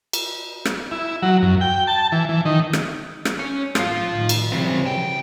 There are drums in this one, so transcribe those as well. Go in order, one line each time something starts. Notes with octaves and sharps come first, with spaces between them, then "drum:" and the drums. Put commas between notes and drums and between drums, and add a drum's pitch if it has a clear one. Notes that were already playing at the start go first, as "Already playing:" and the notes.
drum: cymbal
drum: rim click
E4
F#3
F#2
G5
A5
E3
E3
D#3
drum: rim click
drum: rim click
C#4
A2 F3 F4, drum: rim click
A2 D#3
drum: cymbal
C#3 F3 G3 C4 E4
E2 E3 G5